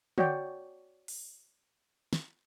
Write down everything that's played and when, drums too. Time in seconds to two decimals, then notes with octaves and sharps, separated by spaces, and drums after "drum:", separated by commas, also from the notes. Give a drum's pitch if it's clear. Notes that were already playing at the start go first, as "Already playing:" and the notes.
0.18 F#4 C#5 D5 G5, drum: tom
1.08 drum: open hi-hat
2.13 drum: snare